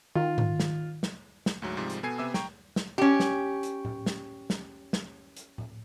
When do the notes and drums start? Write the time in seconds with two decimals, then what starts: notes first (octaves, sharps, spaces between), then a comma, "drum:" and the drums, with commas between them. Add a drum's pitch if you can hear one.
0.15 D#3 F4
0.38 drum: tom G#2
0.60 drum: snare
1.03 drum: snare
1.46 drum: snare
1.62 D2 G#2 F#3
1.77 G#2 C3 F3 G3 G#3
1.90 drum: hi-hat
2.03 B2 B3 A4 G#5 G#6 C7
2.18 C3 B3 E5 G#5 D6 E6
2.34 G5 A#5 C#6, drum: snare
2.76 drum: snare
2.98 C#4 G4
3.20 drum: snare
3.63 drum: hi-hat
3.85 drum: tom A2
4.06 drum: snare
4.50 drum: snare
4.93 drum: snare
5.37 drum: hi-hat
5.58 drum: tom A2